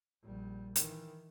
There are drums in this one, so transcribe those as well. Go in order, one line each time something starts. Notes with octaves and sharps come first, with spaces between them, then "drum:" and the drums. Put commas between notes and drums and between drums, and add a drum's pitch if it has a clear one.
A#1 G3
D#3 E3, drum: hi-hat